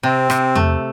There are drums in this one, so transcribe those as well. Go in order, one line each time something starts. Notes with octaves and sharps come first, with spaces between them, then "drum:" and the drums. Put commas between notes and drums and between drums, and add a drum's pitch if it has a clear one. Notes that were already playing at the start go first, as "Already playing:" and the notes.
C3 C4
C3, drum: rim click
A3, drum: tom E2